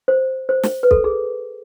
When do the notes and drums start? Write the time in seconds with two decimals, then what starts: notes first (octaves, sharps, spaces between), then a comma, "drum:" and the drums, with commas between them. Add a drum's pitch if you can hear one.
0.08 C5
0.49 C5
0.63 drum: snare
0.83 B4
0.91 A4, drum: kick
1.04 G#4